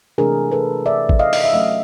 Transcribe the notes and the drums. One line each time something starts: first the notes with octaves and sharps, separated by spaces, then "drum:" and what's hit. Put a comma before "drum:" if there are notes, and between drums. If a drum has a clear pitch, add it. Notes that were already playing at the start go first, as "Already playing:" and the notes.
C3 E3 A3 D4 G#4 A#4
A4 B4
D5 E5
drum: kick G#1
D#5 F5
D#5, drum: open hi-hat
E5
F#3 A3 C#4 D#5 F5